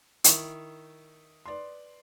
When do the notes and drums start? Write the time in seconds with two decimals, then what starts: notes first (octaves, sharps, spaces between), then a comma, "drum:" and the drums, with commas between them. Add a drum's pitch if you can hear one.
0.24 D#3 E4 C#6, drum: hi-hat
1.46 B4 D5 C6